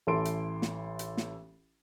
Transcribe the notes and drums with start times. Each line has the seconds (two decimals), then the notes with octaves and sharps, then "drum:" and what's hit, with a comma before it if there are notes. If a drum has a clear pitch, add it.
0.07 A1 E3 A4 C6 D7
0.25 drum: hi-hat
0.62 drum: snare
0.99 drum: hi-hat
1.17 drum: snare